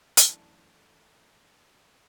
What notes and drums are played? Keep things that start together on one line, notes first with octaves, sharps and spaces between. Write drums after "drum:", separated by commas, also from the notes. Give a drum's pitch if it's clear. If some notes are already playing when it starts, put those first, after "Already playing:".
F#2 E3 A3 D4 A4, drum: hi-hat